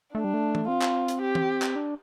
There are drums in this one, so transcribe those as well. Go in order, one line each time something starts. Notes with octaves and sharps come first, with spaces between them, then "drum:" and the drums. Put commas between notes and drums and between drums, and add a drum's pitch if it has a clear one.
A3 D4
G3
A3
drum: tom E3
C4 F4
drum: clap
drum: hi-hat
G4
drum: tom E3
drum: clap
D4